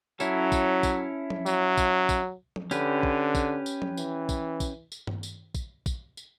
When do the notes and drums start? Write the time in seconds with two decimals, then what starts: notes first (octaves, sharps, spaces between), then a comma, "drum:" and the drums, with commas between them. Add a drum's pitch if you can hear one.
0.20 F#3 C#4 E4 A4, drum: tambourine
0.52 drum: kick, tambourine
0.83 drum: kick, tambourine
1.30 drum: tom F3
1.46 F#3, drum: tambourine
1.78 drum: kick, tambourine
2.09 drum: kick, tambourine
2.56 drum: tom F3
2.71 D3 C#4 G4 B4, drum: tambourine
3.03 drum: kick
3.35 drum: kick, tambourine
3.66 drum: tambourine
3.82 drum: tom F3
3.97 E3, drum: tambourine
4.29 drum: kick, tambourine
4.60 drum: kick, tambourine
4.92 drum: tambourine
5.07 drum: tom G2
5.23 drum: tambourine
5.55 drum: kick, tambourine
5.86 drum: kick, tambourine
6.17 drum: tambourine